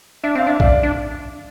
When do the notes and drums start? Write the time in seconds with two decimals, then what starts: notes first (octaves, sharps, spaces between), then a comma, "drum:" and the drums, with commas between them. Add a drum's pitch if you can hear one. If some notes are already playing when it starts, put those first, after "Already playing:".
0.24 D4 E5
0.35 C4 F5
0.47 D4 E5
0.60 D5 F5, drum: kick
0.83 D4